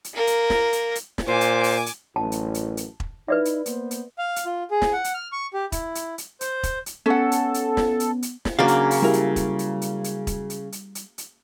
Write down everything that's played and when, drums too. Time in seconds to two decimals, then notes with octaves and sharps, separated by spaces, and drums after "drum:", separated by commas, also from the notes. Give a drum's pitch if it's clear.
0.04 drum: hi-hat
0.15 A#3 A#4
0.27 drum: hi-hat
0.50 drum: snare
0.73 drum: hi-hat
0.95 drum: hi-hat
1.18 drum: snare
1.27 A#2 C5 G#5 D6
1.41 drum: hi-hat
1.64 drum: open hi-hat
1.86 drum: hi-hat
2.16 A1 F#2 A5
2.32 drum: hi-hat
2.54 drum: hi-hat
2.77 drum: hi-hat
3.00 drum: kick E1
3.28 D#4 E4 B4 D5 E5
3.45 drum: hi-hat
3.66 A#3 B3 C5, drum: hi-hat
3.91 drum: hi-hat
4.18 F5
4.36 drum: hi-hat
4.45 F4
4.71 G#4
4.82 drum: snare
4.93 F#5
5.04 drum: hi-hat
5.14 F6
5.32 C#6
5.54 G4
5.72 E4, drum: kick E1, hi-hat
5.95 drum: hi-hat
6.18 drum: hi-hat
6.41 C5, drum: hi-hat
6.63 drum: kick E1, hi-hat
6.86 drum: hi-hat
7.06 B3 C#4 A4 F#5
7.32 drum: hi-hat
7.54 drum: hi-hat
7.77 drum: snare
8.00 drum: hi-hat
8.22 drum: hi-hat
8.45 drum: snare
8.59 C#3 F#3 A#3 D4 D5 F5
8.68 drum: hi-hat
8.91 drum: open hi-hat
9.02 G3 E4 A#4
9.13 drum: hi-hat
9.36 drum: kick E1, hi-hat
9.59 drum: hi-hat
9.82 drum: hi-hat
10.04 drum: hi-hat
10.27 drum: kick E1, hi-hat
10.50 drum: hi-hat
10.72 drum: hi-hat
10.95 drum: hi-hat
11.18 drum: hi-hat